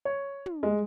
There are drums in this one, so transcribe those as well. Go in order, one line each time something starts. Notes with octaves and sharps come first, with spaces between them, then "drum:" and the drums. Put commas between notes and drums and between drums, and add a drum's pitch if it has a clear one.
C#5
drum: tom
G#3